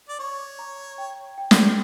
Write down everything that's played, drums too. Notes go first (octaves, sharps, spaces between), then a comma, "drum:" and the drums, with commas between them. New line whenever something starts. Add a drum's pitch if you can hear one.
D5
C#5 C#6
A#5
G5
G5
drum: snare